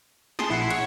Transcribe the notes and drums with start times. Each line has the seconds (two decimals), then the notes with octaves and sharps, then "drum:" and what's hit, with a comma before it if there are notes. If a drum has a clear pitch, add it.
0.39 G#4 A5 C6 D#6, drum: snare
0.50 A#1 E4 F#5 C7
0.71 C#5 F#5, drum: cymbal